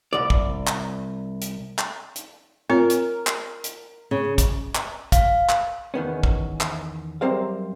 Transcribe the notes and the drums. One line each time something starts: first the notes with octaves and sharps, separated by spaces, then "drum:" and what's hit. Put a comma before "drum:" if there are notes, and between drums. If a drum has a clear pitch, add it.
C2 D5
drum: kick
drum: clap
drum: hi-hat
drum: clap
drum: hi-hat
C4 F4 A#4 C#5
drum: hi-hat
drum: clap
drum: hi-hat
C#3
drum: kick, hi-hat
drum: clap
F5, drum: kick, hi-hat
drum: clap
E2 D#3 B3 C#4
drum: kick
drum: clap
F#2 G3 C4 A#4 C5 F5